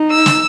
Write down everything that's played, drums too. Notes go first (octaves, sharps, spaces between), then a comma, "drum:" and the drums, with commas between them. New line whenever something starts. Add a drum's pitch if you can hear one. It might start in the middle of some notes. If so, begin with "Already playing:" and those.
Already playing: D#4
E6
drum: snare